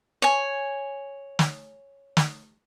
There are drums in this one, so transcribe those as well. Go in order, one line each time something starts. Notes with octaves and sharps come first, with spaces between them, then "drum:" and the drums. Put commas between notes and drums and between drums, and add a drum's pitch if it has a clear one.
C#5 G#5
drum: snare
drum: snare